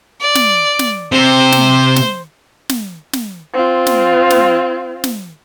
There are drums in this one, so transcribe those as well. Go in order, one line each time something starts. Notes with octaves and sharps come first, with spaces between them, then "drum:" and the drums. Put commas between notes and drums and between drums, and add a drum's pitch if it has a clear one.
D5
drum: snare
drum: snare
C3 C5
drum: snare
drum: snare
drum: snare
drum: snare
C4 F4
drum: snare
drum: snare
drum: snare